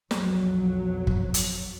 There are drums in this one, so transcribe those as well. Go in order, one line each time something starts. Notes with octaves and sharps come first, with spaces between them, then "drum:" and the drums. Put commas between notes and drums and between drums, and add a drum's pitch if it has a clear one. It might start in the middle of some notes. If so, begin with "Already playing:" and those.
B1 F2 F#3, drum: snare
drum: kick
drum: hi-hat